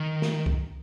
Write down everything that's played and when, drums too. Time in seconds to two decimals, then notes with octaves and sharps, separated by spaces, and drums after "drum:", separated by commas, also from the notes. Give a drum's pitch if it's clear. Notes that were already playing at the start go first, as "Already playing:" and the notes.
Already playing: D#3
0.22 drum: snare
0.46 drum: kick C2